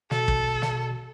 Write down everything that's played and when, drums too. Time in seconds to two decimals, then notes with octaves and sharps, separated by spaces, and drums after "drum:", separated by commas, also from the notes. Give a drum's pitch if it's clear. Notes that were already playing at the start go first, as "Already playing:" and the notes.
0.11 B2 A4, drum: snare
0.28 drum: kick
0.62 drum: snare